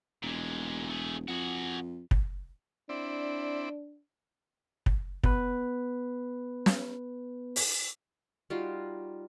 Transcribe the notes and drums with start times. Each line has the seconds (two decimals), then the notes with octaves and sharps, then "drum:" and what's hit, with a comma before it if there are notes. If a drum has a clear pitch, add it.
0.23 E1 A#2 G#3
0.90 A3 G#4
1.28 F2 F#4 G#4
2.11 drum: kick
2.89 C4 D4 E4 D5
4.86 drum: kick
5.24 B3 B4, drum: kick
6.66 drum: snare
7.56 drum: open hi-hat
8.50 G3 D#4 F4 F#4